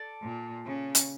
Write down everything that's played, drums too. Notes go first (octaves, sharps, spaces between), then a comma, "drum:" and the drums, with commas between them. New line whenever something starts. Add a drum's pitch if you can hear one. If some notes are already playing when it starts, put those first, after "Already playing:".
Already playing: A4 D5 A5
A#2
C#3
drum: hi-hat